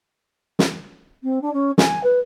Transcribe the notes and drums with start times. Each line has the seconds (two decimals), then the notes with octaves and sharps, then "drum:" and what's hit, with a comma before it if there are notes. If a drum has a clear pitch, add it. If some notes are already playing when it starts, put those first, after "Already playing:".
0.59 drum: snare
1.23 C4
1.41 D4
1.53 C#4
1.78 G#5, drum: snare
2.03 B4